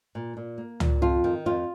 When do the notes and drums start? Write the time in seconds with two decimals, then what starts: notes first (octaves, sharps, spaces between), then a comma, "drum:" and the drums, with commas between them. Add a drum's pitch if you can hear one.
0.15 A#2
0.37 A#2
0.58 A#3
0.80 A#2, drum: tom C#2
1.02 F2 F4
1.24 D#3
1.46 F2 F4